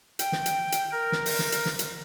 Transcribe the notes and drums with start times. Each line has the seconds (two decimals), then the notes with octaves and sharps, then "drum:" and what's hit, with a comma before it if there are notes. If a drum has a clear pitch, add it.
0.19 G5, drum: hi-hat
0.32 drum: snare
0.46 drum: hi-hat
0.72 drum: hi-hat
0.92 A#4
1.12 drum: snare
1.26 drum: open hi-hat
1.39 drum: snare
1.52 drum: hi-hat
1.66 drum: snare
1.79 drum: hi-hat